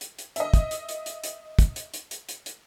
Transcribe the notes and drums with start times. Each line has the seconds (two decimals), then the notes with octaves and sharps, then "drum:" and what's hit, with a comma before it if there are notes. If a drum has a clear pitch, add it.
0.01 drum: hi-hat
0.19 drum: hi-hat
0.36 D#5 E5, drum: hi-hat
0.54 drum: kick, hi-hat
0.71 drum: hi-hat
0.89 drum: hi-hat
1.06 drum: hi-hat
1.24 drum: hi-hat
1.59 drum: kick, hi-hat
1.76 drum: hi-hat
1.94 drum: hi-hat
2.11 drum: hi-hat
2.29 drum: hi-hat
2.46 drum: hi-hat